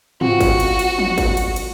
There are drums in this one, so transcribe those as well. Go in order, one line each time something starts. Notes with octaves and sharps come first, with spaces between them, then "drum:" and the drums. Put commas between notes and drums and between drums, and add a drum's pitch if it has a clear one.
C4 F4 F#4, drum: tom G#2
drum: kick G1, cymbal
drum: cymbal
drum: cymbal
drum: tom F3
drum: kick G1, cymbal
drum: cymbal
drum: cymbal